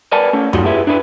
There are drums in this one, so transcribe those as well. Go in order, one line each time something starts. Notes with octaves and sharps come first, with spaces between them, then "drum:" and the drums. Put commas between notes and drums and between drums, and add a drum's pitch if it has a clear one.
A#4 B4 D5 G#5 A5
A3 C#4
F#3 G3 A3 D#4 F4 F#4, drum: tom F#2
E4 F4 G4 G#4 B4 E5
D4 E4 B4